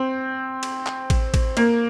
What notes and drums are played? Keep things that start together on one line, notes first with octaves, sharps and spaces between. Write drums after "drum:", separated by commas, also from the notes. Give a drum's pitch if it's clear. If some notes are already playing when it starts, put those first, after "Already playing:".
Already playing: C4
drum: cymbal
drum: clap
drum: kick A1, cymbal
drum: kick A1, cymbal
A#3, drum: cymbal